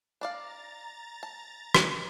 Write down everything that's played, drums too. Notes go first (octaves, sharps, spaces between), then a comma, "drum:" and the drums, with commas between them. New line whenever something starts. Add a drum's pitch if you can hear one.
D4 D5 F5 A#5 A6
A5
drum: rim click